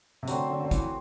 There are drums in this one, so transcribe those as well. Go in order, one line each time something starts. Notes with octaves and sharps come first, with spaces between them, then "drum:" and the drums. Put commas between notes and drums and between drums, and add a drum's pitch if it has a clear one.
C3
D3 F#3 A3 C4, drum: hi-hat
D3
D3
E3, drum: kick, hi-hat